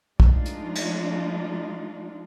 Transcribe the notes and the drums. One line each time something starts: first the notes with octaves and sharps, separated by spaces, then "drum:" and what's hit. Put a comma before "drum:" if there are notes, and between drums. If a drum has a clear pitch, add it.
F3 G#3 A3 D4 D#4 F4, drum: kick
drum: hi-hat
drum: cymbal